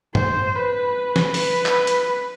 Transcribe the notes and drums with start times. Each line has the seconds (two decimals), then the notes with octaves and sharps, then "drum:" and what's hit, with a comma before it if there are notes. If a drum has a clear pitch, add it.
0.15 C5, drum: tom G2
0.55 B4
1.16 drum: snare
1.34 B4, drum: open hi-hat
1.66 drum: clap
1.87 drum: hi-hat